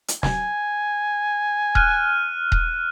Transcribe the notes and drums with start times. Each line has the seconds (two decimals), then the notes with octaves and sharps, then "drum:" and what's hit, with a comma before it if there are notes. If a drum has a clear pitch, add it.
0.08 drum: hi-hat
0.23 G#5, drum: snare
1.75 F6 F#6 D#7, drum: kick D#1
2.52 drum: kick D#1